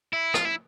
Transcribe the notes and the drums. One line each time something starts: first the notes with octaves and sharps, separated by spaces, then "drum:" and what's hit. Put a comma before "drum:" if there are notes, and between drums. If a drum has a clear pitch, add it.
E4
F4, drum: rim click
E4